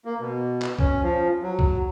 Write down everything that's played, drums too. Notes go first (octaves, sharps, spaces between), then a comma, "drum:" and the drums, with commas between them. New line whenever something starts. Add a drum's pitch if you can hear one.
A#3
B2
drum: clap
C#4, drum: kick
F3
F#3
drum: kick